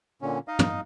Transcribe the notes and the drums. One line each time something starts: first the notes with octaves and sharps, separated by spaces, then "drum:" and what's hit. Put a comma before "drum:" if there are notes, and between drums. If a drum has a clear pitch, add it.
A#2 D3 C#4
D#4 D#5 F5
drum: tom